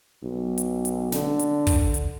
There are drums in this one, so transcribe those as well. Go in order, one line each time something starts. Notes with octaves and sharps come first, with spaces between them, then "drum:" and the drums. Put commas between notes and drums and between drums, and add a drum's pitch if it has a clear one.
B1
drum: hi-hat
drum: hi-hat
D3, drum: snare
drum: hi-hat
drum: kick, open hi-hat
drum: hi-hat